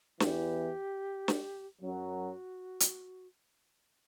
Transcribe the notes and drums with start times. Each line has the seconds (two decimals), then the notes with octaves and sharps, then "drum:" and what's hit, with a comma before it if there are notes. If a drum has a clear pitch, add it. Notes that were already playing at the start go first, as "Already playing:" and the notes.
0.20 E2 E3 G4, drum: snare
1.28 drum: snare
1.82 F#2 F#3 F#4
2.80 drum: hi-hat